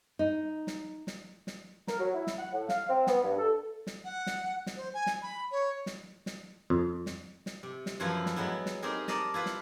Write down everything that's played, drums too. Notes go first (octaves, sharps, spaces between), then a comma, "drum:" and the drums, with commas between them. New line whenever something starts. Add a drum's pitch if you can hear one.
D#4
drum: snare
drum: snare
drum: snare
A#4, drum: snare
F#3
E4
drum: snare
F#5
A2
F5, drum: snare
C4
B3, drum: snare
G2
A4
drum: snare
F#5
drum: snare
drum: snare
C5
G#5
drum: snare
B5
C#5
drum: snare
drum: snare
F2
drum: snare
drum: snare
C3
drum: snare
F#2 E3 F3 E4 F4 G#5
drum: snare
F#3 G#3 B3 E4
drum: snare
C4 D#4 G4 G#4 A#4
A#4 D5 D#5 A5 A#5, drum: snare
E4 F4 B4
drum: snare